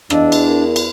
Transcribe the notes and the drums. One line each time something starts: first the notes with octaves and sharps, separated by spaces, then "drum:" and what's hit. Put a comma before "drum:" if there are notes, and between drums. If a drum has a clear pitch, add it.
E2 D4 D#5 F5 E6, drum: rim click
drum: cymbal
A#4
drum: cymbal